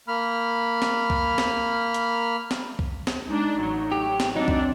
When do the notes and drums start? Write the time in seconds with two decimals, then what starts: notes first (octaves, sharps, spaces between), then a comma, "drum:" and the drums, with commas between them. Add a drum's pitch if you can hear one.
0.08 A#3 B5 F6
0.82 drum: snare
1.10 drum: kick C2
1.38 drum: snare
1.94 drum: hi-hat
2.51 drum: snare
2.79 drum: kick C2
3.07 drum: snare
3.28 G#3 D4 D#4
3.58 A1 F#3
3.92 G4
4.20 drum: snare
4.36 F#3 C4 D4 D#4
4.48 drum: kick C2